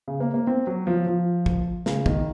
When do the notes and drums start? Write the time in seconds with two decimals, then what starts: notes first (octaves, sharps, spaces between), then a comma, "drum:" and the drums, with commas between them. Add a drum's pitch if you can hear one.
0.08 C#3
0.20 A#3
0.34 A#3
0.47 C4
0.67 F#3
0.87 F3
1.07 F3
1.46 drum: kick
1.86 C#3, drum: snare
2.06 D#3, drum: kick